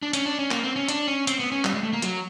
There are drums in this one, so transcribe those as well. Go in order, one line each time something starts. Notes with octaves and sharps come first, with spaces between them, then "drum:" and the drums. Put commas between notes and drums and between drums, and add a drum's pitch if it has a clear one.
D4
C#4, drum: hi-hat
D4
C#4
A#3, drum: clap
C4
C#4
D4, drum: hi-hat
C#4
C4, drum: hi-hat
B3
C#4
G3, drum: clap
G#3
A3
A#3
F#3, drum: hi-hat